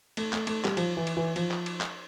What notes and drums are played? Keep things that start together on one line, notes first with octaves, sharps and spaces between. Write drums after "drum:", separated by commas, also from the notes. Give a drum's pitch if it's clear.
A3, drum: cymbal
A3, drum: clap
A3, drum: cymbal
G3, drum: clap
F3, drum: cymbal
E3
drum: cymbal
E3
F3, drum: cymbal
drum: clap
drum: cymbal
drum: clap